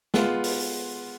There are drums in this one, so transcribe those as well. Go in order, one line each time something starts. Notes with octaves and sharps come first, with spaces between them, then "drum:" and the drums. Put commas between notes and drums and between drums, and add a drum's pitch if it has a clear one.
G#3 B3 F4, drum: snare
drum: open hi-hat